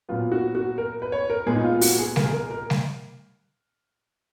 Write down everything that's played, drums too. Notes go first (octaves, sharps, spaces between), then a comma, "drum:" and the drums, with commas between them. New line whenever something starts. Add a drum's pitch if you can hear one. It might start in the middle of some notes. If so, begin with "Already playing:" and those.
A#2 F#3 B3 F4
F#4
F#4
A#4
B4
C#5
A#4
A#2 G#3 B3 G#4
D#4
F4
F#4, drum: open hi-hat
G#4
A#4, drum: snare
G#4
A#4
A#4
drum: snare